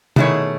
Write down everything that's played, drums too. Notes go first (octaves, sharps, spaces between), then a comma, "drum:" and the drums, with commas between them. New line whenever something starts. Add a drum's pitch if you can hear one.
B2 D#3 A3 E4 G#4 C#5, drum: tom C3